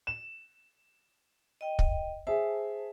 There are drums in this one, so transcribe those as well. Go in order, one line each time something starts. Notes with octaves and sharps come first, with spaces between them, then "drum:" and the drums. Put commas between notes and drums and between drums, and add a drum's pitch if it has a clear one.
E7
D#5 G5
drum: kick
G#4 C5 E5 A5